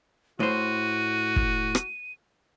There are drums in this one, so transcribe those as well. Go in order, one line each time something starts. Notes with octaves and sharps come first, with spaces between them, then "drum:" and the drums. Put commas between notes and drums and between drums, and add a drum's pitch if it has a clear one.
A2 F#4 C5 D#7
drum: kick
drum: rim click